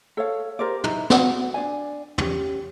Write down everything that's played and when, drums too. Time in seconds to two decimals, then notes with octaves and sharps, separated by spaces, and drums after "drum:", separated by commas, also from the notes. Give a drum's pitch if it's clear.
0.17 A4 C#5 F5
0.59 G4 A#4 C5 D5
0.84 D#4 E4 A#4, drum: tom
1.10 F4 F#4 F#5, drum: snare
1.54 D4 D5 G#5
2.18 C#4 G4, drum: tom